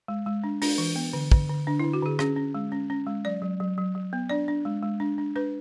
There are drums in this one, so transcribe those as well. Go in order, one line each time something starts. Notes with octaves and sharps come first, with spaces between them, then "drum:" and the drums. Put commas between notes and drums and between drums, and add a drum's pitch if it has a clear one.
G#3
G#3
D4
D4, drum: open hi-hat
E3
B3
D3
D3, drum: kick
D3
D3 D4
D3 E4
F#4
D3 G#4
C#4 G#4, drum: rim click
C#4
G#3
C#4
C#4
G#3
F#3 D5
F#3
F#3
F#3
F#3
B3
D4 D5
D4
G#3
G#3
D4
D4
D4 B4